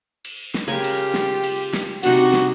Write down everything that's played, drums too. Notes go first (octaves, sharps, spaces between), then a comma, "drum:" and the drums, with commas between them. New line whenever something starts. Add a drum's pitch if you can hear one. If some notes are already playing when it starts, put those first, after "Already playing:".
drum: cymbal
drum: snare
C#3 F4 G4 A#4 G#5
drum: cymbal
drum: snare
drum: cymbal
drum: snare
C3 D4 D#4 F#4, drum: cymbal
drum: snare